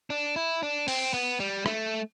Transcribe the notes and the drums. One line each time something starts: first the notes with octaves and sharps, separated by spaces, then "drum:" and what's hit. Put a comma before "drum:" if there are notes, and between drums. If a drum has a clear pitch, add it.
D4
E4
D4
C4, drum: open hi-hat
B3
G3
A3, drum: rim click